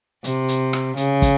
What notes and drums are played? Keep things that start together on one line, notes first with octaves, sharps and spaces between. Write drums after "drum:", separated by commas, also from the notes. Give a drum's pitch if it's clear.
C3, drum: hi-hat
drum: hi-hat
drum: rim click
C#3, drum: hi-hat
drum: kick, hi-hat